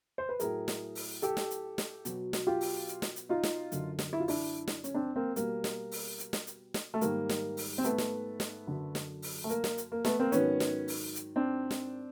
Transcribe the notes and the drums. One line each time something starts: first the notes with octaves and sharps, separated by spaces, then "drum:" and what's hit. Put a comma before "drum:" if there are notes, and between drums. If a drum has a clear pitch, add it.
C5
B4
A2 F#3 G#4 A#4, drum: hi-hat
drum: snare
drum: open hi-hat
G4 A4, drum: hi-hat
drum: snare
drum: hi-hat
drum: snare
B2 F#3, drum: hi-hat
drum: snare
F4 G4
drum: open hi-hat
drum: hi-hat
drum: snare
drum: hi-hat
D#4 F4
drum: snare
F#2 D3 F#3, drum: hi-hat
drum: snare
E4
F4
D4 E4, drum: open hi-hat
drum: snare
C#4, drum: hi-hat
C4 D4
A#3 C4
B2 G3 A#3, drum: hi-hat
drum: snare
drum: open hi-hat
drum: hi-hat
drum: snare
drum: hi-hat
drum: snare
A3
G#2 D#3 G3 A#3, drum: hi-hat
drum: snare
drum: open hi-hat
C4
A3 B3, drum: hi-hat
drum: snare
drum: snare
F#2 D3 F#3
drum: snare
drum: open hi-hat
A3
A#3, drum: hi-hat
drum: snare
drum: hi-hat
A#3
A3 B3, drum: snare
A#3 C4
G#2 D#3 F#3 B3 C#4, drum: hi-hat
drum: snare
drum: open hi-hat
drum: hi-hat
C4 D4
drum: snare